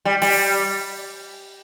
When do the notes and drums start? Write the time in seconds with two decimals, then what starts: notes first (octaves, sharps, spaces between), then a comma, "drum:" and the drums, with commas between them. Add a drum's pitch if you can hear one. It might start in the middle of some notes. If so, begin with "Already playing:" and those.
0.05 G3
0.22 G3, drum: open hi-hat